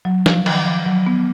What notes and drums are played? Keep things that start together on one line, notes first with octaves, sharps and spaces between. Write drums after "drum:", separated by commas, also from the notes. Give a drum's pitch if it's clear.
F#3
F3, drum: snare
D#3, drum: cymbal
F3
F#3
B3